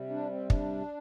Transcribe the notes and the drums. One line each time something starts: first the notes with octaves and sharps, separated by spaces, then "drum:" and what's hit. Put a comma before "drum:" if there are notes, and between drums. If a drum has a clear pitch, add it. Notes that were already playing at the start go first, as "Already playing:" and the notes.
Already playing: C3 G3
D4
C4
D4, drum: kick